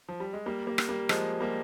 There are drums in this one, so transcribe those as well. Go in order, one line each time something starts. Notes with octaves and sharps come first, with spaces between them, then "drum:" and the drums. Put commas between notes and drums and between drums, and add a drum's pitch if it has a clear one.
F3
G3
G#3
G3 A#3
G3 A#3
drum: rim click
G3 A#3
F3 G#3, drum: rim click
G3 A#3